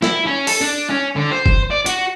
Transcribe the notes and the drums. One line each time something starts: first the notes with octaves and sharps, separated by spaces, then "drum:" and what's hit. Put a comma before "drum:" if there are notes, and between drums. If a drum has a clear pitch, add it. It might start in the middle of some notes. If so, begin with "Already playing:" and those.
E4, drum: snare
C#4
A4, drum: open hi-hat
D4
C#4
D3
C5
drum: kick
D5
F#4, drum: hi-hat